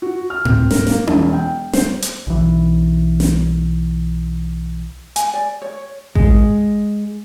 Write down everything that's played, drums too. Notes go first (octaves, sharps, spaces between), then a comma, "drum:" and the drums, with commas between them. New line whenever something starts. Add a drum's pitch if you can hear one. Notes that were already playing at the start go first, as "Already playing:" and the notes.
F#4
F6
C4, drum: tom G#2
A#4, drum: snare
A#3, drum: snare
E1, drum: tom C#4
G5
C5, drum: snare
drum: hi-hat
B1 E3
drum: snare
G#5, drum: hi-hat
D5
C#5
G#3, drum: kick A1